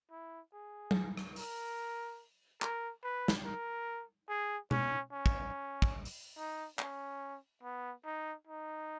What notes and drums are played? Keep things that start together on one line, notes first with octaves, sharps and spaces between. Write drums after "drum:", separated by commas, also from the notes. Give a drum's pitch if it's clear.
E4
G#4
drum: tom F#3
drum: rim click
A#4, drum: open hi-hat
A#4, drum: clap
B4
drum: snare
A#4
G#4
C#4, drum: tom B2
C#4
drum: kick
drum: kick
drum: open hi-hat
D#4
C#4, drum: clap
B3
D#4
D#4